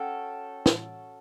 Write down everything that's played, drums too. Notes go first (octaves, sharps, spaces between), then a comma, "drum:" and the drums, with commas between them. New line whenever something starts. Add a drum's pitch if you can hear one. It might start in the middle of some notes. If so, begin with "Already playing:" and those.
Already playing: C#4 F#4 A4 G5
drum: snare